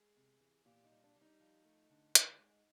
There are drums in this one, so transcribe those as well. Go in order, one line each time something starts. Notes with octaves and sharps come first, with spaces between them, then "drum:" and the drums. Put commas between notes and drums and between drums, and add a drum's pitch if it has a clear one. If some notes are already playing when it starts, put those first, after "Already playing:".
Already playing: G#3 G#4
C3
E3
A#2 G4
D#4
G3
D4
G3
D#4
F3
A3
D3
G#3, drum: hi-hat
G#2